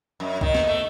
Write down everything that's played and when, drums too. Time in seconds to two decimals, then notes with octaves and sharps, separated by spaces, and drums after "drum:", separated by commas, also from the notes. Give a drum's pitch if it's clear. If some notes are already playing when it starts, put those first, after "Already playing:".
0.20 F#2
0.41 D#3, drum: kick B1
0.54 drum: snare
0.67 A3